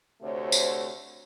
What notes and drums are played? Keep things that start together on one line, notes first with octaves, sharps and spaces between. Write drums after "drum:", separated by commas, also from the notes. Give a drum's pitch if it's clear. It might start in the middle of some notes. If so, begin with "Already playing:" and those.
D2 C3 A3 C5 C#5
drum: tambourine